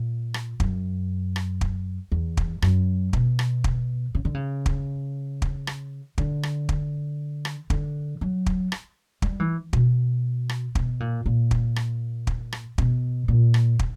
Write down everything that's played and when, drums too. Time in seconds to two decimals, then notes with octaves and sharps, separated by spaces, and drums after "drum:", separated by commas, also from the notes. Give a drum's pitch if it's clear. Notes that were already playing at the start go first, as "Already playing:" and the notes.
Already playing: A#2
0.34 drum: rim click
0.60 F#2, drum: kick
1.36 drum: rim click
1.61 drum: kick
2.12 E2
2.37 drum: kick
2.62 F#2, drum: rim click
3.13 B2, drum: kick
3.39 drum: rim click
3.64 drum: kick
4.15 C#3
4.25 D3
4.34 C#3
4.66 drum: kick
5.42 drum: kick
5.67 drum: rim click
6.18 D3, drum: kick
6.43 drum: rim click
6.69 drum: kick
7.45 drum: rim click
7.70 D3, drum: kick
8.21 F#3
8.46 drum: kick
8.72 drum: rim click
9.22 G3, drum: kick
9.40 E3
9.73 B2, drum: kick
10.49 drum: rim click
10.75 B2, drum: kick
11.00 A#2
11.26 A#2
11.51 drum: kick
11.76 drum: rim click
12.27 drum: kick
12.52 drum: rim click
12.78 B2, drum: kick
13.28 A#2
13.54 drum: rim click
13.79 drum: kick